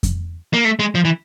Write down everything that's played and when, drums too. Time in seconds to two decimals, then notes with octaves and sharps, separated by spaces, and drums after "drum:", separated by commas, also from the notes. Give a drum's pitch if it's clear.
0.03 drum: kick F2, hi-hat
0.53 A#3
0.65 A3
0.79 G#3
0.95 F3
1.05 E3